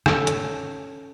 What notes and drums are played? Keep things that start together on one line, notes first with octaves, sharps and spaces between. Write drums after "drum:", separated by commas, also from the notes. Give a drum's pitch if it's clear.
C#4 A4 C#5, drum: rim click
drum: hi-hat